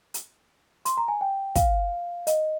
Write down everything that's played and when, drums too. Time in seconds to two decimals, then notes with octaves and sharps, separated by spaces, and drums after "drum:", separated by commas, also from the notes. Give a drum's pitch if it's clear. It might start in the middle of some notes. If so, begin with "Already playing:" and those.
0.14 drum: hi-hat
0.85 C6, drum: hi-hat
0.97 A#5
1.08 G#5
1.21 G5
1.55 F5, drum: kick, hi-hat
2.27 D#5, drum: hi-hat